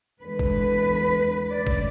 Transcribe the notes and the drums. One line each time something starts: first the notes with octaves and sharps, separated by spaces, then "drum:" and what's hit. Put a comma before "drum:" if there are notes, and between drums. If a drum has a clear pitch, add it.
E2 D3 G#3 B4
drum: kick G#1
D2 C#3 G#3 D5
drum: kick G#1